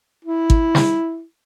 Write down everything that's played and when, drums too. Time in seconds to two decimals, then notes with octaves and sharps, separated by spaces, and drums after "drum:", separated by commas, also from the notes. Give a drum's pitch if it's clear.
0.25 E4
0.50 drum: kick
0.75 drum: snare